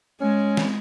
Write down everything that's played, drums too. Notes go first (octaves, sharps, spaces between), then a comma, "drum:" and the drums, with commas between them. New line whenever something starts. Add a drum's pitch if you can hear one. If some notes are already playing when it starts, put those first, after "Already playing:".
G#3 C#4
drum: snare